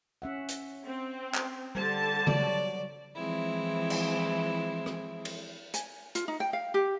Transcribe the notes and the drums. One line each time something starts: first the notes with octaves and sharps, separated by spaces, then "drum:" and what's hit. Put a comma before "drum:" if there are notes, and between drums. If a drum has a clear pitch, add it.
C#4 E5 F#5
drum: hi-hat
C4
drum: clap
D3 G3 C5 A5
F#3 F#4 D5, drum: tom C#3
E3 F3 G#3 C4 E4
drum: cymbal
drum: rim click
drum: cymbal
G#5, drum: hi-hat
F4, drum: hi-hat
D#4
G5
F5
G4